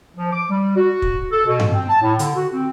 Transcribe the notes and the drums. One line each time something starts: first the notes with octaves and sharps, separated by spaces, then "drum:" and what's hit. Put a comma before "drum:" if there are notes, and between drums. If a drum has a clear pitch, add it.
F3
D6
G3
F#4
drum: kick
A4
B2
drum: tom G2
C4
A5
A2
D3, drum: hi-hat
F#4
C4